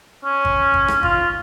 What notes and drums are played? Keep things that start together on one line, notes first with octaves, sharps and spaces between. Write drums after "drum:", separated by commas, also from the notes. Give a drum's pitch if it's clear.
C#4
drum: kick G#1
drum: kick G#1
drum: rim click
F4, drum: kick G#1